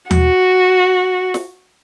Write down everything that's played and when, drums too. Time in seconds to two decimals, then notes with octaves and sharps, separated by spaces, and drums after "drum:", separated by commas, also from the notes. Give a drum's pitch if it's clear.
0.11 F#4, drum: tom D#2
1.34 drum: snare